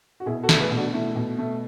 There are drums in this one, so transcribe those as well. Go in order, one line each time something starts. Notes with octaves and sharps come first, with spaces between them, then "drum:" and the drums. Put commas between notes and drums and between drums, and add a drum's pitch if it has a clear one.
F#4
B2 E4 G#4
F#4 A4
A3, drum: snare
G#4 B4
B2
D4 F#4
A3 E4
B2
A3